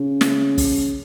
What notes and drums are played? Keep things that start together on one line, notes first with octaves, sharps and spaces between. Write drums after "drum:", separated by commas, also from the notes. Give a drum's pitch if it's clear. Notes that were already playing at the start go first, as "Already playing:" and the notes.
Already playing: C#3
drum: snare
drum: kick, open hi-hat